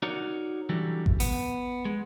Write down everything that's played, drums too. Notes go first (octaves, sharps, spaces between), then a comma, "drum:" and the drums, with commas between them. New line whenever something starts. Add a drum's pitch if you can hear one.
D#4 F#4 A#4 C#5 D5
D3 E3 F#3 G3
drum: kick A1
B3, drum: open hi-hat
G#3